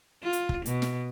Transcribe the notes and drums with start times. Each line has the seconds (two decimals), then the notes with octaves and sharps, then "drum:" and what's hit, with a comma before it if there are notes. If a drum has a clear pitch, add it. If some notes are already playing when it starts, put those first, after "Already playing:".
0.22 F4
0.33 drum: hi-hat
0.49 drum: kick
0.66 B2, drum: hi-hat
0.82 drum: snare